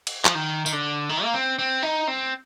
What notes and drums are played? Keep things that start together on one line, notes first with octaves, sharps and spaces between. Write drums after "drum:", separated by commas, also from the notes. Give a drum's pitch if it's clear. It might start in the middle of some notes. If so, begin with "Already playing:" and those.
drum: cymbal
F3, drum: clap
D#3
D#3, drum: tambourine
D3
D#3
A#3
C4
C4
D#4
C4